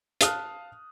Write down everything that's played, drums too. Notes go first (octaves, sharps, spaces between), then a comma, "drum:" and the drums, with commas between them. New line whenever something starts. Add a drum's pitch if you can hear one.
F5 A5 D#6 F6 F#6, drum: hi-hat